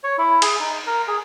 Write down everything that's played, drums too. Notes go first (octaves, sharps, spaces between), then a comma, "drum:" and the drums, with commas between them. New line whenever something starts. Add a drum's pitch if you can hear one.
C#5
E4
G#4, drum: cymbal
D#4
A#4
G#4